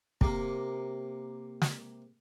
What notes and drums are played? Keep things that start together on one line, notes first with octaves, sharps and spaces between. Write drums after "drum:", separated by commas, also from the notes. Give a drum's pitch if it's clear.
C3 A#3, drum: kick
drum: snare